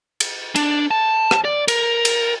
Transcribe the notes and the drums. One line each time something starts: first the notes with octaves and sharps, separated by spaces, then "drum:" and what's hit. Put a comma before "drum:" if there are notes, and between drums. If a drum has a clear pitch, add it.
drum: cymbal
D4, drum: cymbal
A5
drum: rim click
D5
A#4, drum: cymbal
drum: cymbal